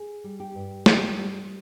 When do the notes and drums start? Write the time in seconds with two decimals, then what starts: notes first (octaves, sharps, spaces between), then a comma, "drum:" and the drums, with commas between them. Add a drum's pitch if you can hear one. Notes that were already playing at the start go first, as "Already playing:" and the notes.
Already playing: G#4
0.24 G3
0.40 G4
0.55 G2
0.86 G3 G4, drum: snare
1.17 G3